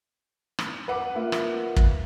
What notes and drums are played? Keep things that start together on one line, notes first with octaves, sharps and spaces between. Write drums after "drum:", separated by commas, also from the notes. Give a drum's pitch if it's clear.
drum: rim click
B4 F#5 D6
A#3 F4 E5
drum: rim click
drum: kick